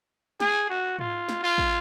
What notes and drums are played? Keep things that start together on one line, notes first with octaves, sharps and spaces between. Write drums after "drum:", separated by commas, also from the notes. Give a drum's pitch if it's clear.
G#4, drum: snare
F#4
F4, drum: tom G#2
drum: snare
F4
drum: kick